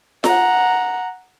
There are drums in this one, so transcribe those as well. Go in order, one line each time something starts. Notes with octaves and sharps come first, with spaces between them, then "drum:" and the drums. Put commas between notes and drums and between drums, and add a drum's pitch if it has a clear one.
F#5 A#5, drum: snare F4